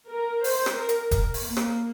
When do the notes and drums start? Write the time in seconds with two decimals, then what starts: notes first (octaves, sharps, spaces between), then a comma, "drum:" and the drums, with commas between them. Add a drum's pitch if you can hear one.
0.09 A#4
0.44 C5, drum: open hi-hat
0.66 drum: rim click
0.78 A#4
0.89 drum: hi-hat
1.11 drum: kick, hi-hat
1.34 drum: open hi-hat
1.45 A#3
1.57 drum: rim click